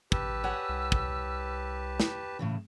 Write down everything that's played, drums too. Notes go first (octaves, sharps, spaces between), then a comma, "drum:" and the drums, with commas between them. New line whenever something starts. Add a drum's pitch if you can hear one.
A1 G4 B4 A5 E6, drum: kick
C#5 F#5 G#5
C2
drum: kick
drum: snare
A2 C#3 E3